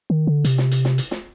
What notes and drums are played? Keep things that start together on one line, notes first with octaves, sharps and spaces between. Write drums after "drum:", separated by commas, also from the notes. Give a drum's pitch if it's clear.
D#3
D3
C3, drum: hi-hat
drum: snare
drum: hi-hat
drum: snare
drum: hi-hat
drum: snare